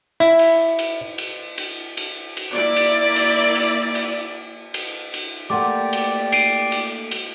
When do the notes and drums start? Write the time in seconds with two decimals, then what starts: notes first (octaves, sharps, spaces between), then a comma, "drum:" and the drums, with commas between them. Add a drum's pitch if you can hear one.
0.20 E4
0.39 drum: cymbal
0.79 drum: cymbal
1.18 drum: cymbal
1.58 drum: cymbal
1.97 drum: cymbal
2.37 drum: cymbal
2.54 A#3 E4 D5
2.76 drum: cymbal
3.16 drum: cymbal
3.55 drum: cymbal
3.95 drum: cymbal
4.74 drum: cymbal
5.14 drum: cymbal
5.50 A3 A#3 G4 D5 F#5 C6 D6
5.93 drum: cymbal
6.32 C7 D7 D#7, drum: cymbal
6.72 drum: cymbal
7.11 drum: cymbal